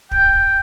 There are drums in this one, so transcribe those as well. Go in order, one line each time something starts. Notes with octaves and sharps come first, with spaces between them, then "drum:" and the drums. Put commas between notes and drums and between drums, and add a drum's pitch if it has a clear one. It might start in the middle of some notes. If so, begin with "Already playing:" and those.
G5, drum: kick